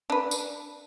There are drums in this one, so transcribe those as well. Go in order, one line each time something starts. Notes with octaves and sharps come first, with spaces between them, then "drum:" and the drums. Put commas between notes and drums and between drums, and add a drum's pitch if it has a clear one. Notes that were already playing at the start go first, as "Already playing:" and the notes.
D4 B4
drum: tambourine